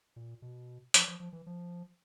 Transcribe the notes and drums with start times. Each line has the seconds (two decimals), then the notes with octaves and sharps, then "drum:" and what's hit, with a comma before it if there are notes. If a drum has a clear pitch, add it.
0.16 A#2
0.42 B2
0.94 F3, drum: hi-hat
1.08 F3
1.20 F3
1.33 E3
1.46 F3